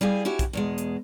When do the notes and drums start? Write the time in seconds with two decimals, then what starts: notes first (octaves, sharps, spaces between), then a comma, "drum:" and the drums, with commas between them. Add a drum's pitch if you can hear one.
0.01 G3 E4 G4 G#4 F5 G#5
0.25 C#4 E4 F#4 G4
0.39 drum: kick, hi-hat
0.53 E2 B2 G#3
0.78 drum: hi-hat